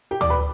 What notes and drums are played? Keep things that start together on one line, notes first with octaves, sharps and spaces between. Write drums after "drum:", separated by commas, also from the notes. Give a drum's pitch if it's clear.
G4 G5
D5 D6, drum: tom
B4 B5